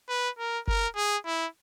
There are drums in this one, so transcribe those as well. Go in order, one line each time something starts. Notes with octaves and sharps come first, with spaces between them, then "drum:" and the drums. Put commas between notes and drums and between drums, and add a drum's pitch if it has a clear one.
B4
A#4
A#4, drum: kick F#1
G#4
E4